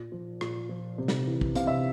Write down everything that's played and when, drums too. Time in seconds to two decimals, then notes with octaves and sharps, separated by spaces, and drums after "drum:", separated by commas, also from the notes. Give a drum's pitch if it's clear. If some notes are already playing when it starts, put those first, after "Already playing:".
Already playing: A#2
0.12 F3
0.41 A#2, drum: rim click
0.69 F3
0.98 C3
1.08 drum: snare
1.27 E3
1.41 drum: kick
1.55 C3 F5, drum: hi-hat
1.67 E5